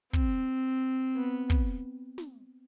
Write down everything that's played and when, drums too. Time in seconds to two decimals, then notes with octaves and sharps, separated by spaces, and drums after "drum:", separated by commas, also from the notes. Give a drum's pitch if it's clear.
0.13 C4, drum: kick
1.15 B3
1.50 drum: kick
2.18 drum: snare